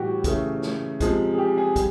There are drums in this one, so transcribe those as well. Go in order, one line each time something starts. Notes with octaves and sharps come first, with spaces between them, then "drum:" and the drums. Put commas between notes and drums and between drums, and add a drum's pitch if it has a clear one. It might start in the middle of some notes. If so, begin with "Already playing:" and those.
Already playing: A2 E3 G3 F#4 G4
C#3 E3 A3, drum: kick, hi-hat
drum: snare
C3 F3 G#3, drum: kick, hi-hat
G#4
G4
G#4
G3, drum: kick, hi-hat